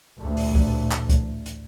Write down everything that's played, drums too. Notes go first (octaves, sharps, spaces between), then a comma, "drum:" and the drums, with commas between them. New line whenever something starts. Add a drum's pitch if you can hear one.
A1 D2 A#2 A3
drum: open hi-hat
drum: kick
drum: clap
drum: kick, hi-hat
drum: hi-hat